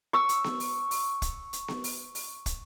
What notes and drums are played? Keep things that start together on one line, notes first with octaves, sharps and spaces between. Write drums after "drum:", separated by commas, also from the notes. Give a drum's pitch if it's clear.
C#6 E6
drum: hi-hat
drum: snare B3
drum: open hi-hat
drum: open hi-hat
drum: kick, hi-hat
drum: hi-hat
drum: snare B3
drum: open hi-hat
drum: open hi-hat
drum: kick, hi-hat